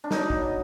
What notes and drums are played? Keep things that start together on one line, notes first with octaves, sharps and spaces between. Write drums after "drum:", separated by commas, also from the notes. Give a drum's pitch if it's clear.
D4
B2 F#3 D#4, drum: snare
drum: kick